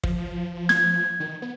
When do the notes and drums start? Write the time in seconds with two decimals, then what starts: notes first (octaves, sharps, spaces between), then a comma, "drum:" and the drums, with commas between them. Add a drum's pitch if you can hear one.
0.04 F3, drum: kick
0.69 G#6, drum: snare
1.20 D#3
1.42 B3